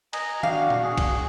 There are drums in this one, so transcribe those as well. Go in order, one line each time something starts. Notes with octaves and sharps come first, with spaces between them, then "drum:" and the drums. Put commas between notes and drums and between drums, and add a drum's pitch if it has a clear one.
D#5 G#5 A#5, drum: cymbal
D4 F#4 G4 F5, drum: tom D#3
drum: tom A#2
G#4
drum: kick, cymbal